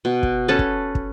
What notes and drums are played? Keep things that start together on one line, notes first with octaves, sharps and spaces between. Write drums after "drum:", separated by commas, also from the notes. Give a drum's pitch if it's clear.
B2
drum: kick
C#4 A4 B4 A5
drum: kick
drum: kick